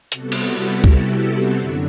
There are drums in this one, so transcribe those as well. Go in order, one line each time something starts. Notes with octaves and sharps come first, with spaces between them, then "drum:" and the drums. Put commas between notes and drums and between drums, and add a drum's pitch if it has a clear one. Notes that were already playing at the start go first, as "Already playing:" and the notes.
C3 G3 B3 F#4 A4, drum: hi-hat
drum: cymbal
E4 G4
E4 G4, drum: kick C#2
C4
F#2 D3 F#3 D4